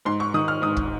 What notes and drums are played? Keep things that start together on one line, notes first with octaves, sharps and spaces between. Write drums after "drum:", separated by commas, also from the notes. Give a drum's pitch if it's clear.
G#2 C6
C#6
D#3 D#6
F6
G#2 D#6
drum: kick